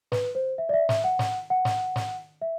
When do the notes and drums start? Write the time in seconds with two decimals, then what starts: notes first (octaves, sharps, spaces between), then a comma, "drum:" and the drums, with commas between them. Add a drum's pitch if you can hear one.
0.12 B4, drum: snare
0.35 C5
0.58 E5
0.69 D5
0.73 E5
0.89 E5, drum: snare
1.04 F#5
1.19 drum: snare
1.50 F#5
1.65 drum: snare
1.96 drum: snare
2.42 E5